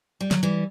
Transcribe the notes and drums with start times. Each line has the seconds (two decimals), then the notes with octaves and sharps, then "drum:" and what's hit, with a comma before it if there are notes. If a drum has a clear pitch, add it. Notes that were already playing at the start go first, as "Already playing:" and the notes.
0.21 G3
0.31 F#3, drum: snare
0.43 E3 G3